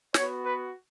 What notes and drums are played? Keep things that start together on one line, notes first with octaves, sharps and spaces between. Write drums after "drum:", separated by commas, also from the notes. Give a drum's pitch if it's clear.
B3 F#4 C#5, drum: snare
B4